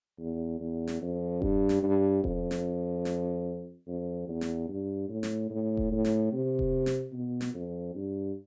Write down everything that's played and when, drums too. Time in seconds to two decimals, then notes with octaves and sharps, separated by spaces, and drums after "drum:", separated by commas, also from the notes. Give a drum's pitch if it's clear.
0.19 E2
0.60 E2
0.87 drum: snare
1.02 F2
1.42 G2, drum: kick E1
1.69 drum: snare
1.83 G2
2.24 F2, drum: kick E1
2.51 drum: snare
3.05 drum: snare
3.87 F2
4.28 E2
4.41 drum: snare
4.69 G2
5.09 A2
5.23 drum: snare
5.50 A2
5.77 drum: kick E1
5.91 A2
6.05 drum: snare
6.32 C3
6.59 drum: kick E1
6.86 drum: snare
7.13 B2
7.41 drum: snare
7.54 F2
7.95 G2